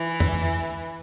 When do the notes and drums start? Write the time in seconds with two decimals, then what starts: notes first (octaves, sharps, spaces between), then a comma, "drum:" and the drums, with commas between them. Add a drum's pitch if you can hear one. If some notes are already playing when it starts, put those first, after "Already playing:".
Already playing: E3
0.20 drum: tom